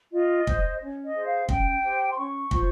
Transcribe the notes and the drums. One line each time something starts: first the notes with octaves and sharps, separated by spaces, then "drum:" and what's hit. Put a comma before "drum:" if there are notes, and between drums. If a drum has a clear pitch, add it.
F4 D#5
C5, drum: kick
C#4
D#5
G#4 C5
F5
C#4 G5, drum: kick
G4 C5
C6
C#4 C#6
F4 C5, drum: kick